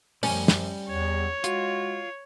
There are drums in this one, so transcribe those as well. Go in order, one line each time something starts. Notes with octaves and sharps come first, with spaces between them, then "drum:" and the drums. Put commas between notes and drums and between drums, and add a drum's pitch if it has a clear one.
F#2 F3 G3 C#4, drum: open hi-hat
drum: snare
E2 C#5
G#3 F4 F#4, drum: hi-hat